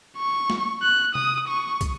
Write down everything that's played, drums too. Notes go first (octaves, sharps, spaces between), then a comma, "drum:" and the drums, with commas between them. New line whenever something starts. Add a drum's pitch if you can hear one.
C#6
drum: snare A3
F#6
D#6, drum: tom C3
C#6
drum: kick, hi-hat